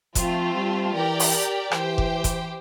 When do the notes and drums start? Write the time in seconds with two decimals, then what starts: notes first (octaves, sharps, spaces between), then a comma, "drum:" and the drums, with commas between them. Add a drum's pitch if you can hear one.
0.15 F3 A3 C4 F4, drum: kick F1, hi-hat
0.54 G3
0.94 E3 G4 A#4 D5 G5
1.20 drum: open hi-hat
1.72 E3 G4 C5 G5, drum: rim click
1.98 drum: kick F1
2.24 drum: kick F1, hi-hat